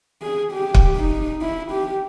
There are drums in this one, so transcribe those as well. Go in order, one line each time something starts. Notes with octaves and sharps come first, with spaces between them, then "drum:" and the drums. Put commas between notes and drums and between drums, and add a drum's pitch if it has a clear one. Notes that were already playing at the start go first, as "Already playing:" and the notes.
G#4
G4
drum: kick
D#4
E4
G4